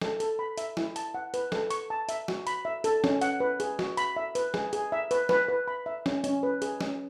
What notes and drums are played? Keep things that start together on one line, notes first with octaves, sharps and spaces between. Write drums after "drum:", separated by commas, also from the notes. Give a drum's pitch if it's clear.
A4, drum: snare
A4, drum: hi-hat
B5
E5, drum: hi-hat
E4, drum: snare
A5, drum: hi-hat
F#5
B4, drum: hi-hat
A4, drum: snare
C#6, drum: hi-hat
A5
E5, drum: hi-hat
F#4, drum: snare
B5, drum: hi-hat
E5
A4, drum: hi-hat
C#4, drum: snare
F#5, drum: hi-hat
B4
G#4, drum: hi-hat
F#4, drum: snare
B5, drum: hi-hat
E5
B4, drum: hi-hat
G#4, drum: snare
G#4, drum: hi-hat
E5
B4, drum: hi-hat
B4, drum: snare
B4
B5
E5
C#4, drum: snare
C#4, drum: hi-hat
B4
G#4, drum: hi-hat
C#4, drum: snare